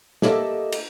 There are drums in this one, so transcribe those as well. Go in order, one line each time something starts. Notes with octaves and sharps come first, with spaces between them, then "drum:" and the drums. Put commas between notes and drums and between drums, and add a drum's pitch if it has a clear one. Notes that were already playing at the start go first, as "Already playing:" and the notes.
A#3 G4 A4 B4 D#5 E5, drum: snare
drum: cymbal